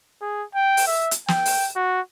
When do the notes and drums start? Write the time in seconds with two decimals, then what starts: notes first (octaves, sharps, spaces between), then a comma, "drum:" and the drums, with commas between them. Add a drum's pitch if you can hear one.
0.22 G#4
0.55 G5
0.77 drum: open hi-hat
0.87 E5
1.11 drum: hi-hat
1.28 G5, drum: snare
1.45 drum: open hi-hat
1.76 F#4